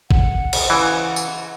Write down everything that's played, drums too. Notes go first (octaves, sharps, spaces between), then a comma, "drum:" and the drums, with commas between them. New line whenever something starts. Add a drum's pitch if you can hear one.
F#5, drum: kick
drum: cymbal
C#3 E3
drum: tambourine